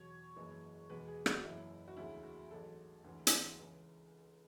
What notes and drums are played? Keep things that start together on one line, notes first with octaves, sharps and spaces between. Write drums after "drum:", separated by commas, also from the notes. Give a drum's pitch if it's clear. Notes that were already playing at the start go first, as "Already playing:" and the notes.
Already playing: E2 B2 F#3 C#5
F#1 F#2 E3 G#3
E2 B2 G#3 B4
G#4
F#4, drum: rim click
F#1 F#2 C#3 E3 E4
F#4
E1 D2 C#3 G#3 E4
F#4
A1 G#2 F#3 A4
D2 C#3 E3 G#3
drum: hi-hat
C#2 C#3 E3 G#3